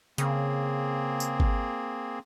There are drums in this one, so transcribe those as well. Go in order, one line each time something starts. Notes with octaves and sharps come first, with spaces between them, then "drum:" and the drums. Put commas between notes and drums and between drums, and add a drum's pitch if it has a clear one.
C#3 A#3 C4 G#4, drum: hi-hat
drum: tambourine
drum: kick G#1